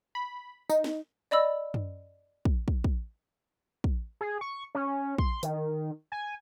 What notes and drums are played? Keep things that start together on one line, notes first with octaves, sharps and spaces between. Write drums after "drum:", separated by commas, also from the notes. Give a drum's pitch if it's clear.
B5
D#4, drum: tambourine
drum: snare
D5 D#5 B5 E6
drum: tom F#2
drum: kick
drum: kick
drum: kick
drum: kick
G#4
C#6
C#4
C6, drum: kick
D#3, drum: hi-hat
G#5